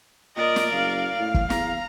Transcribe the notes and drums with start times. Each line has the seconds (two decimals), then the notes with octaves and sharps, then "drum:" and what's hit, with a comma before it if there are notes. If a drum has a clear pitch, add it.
0.37 A#2 A#4 D5 D#5
0.56 drum: snare
0.72 F#1 F5
1.19 A2
1.34 drum: kick
1.50 E2 A#5, drum: snare